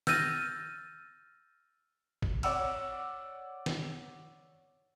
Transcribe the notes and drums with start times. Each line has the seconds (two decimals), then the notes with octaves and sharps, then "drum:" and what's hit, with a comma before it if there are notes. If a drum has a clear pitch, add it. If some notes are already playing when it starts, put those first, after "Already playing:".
0.07 E6 F6 G6 A6 A#6 D#7, drum: snare
2.22 drum: kick
2.43 C#5 D5 F#5 E6, drum: cymbal
3.66 drum: snare